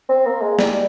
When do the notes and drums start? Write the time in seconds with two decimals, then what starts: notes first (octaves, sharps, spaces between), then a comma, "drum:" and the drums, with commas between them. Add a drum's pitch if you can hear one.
0.09 C4
0.26 A#3
0.41 G#3
0.59 G3, drum: snare